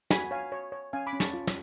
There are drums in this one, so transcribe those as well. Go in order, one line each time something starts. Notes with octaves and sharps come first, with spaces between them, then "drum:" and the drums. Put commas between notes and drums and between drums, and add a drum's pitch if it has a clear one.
F#4 G#5 B5, drum: snare
C#5 F5 G#5
C#5
C#5
C#4 F5 G#5
B5 D6
C#4
A5 C#6, drum: snare
F4
drum: snare